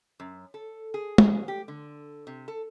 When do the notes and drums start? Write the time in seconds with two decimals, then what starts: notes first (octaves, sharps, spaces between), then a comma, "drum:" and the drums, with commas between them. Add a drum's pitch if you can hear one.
0.20 F#2
0.54 A4
0.94 G#4
1.18 G#4, drum: tom
1.48 G4
1.68 D3
2.27 C3
2.48 A4